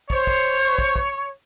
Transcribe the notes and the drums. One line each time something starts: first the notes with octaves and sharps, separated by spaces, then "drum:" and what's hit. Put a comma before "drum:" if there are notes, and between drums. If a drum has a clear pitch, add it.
C5 C#5, drum: kick
drum: kick
drum: kick
drum: kick